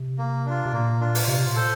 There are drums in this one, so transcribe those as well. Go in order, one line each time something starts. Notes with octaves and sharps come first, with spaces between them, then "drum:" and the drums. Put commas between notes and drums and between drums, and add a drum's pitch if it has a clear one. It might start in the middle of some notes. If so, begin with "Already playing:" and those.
Already playing: C3
A#3
D4 F4
C3
A#2 A#3
D4 F4
drum: open hi-hat
C3 F4
A#2
A4 C5